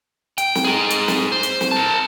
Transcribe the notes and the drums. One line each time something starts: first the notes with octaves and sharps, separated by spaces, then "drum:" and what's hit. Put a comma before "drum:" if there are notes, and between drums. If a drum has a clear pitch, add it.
G5, drum: hi-hat
drum: snare
D#4 G#4
drum: hi-hat
drum: snare
C5
drum: hi-hat
drum: snare
A#4 A5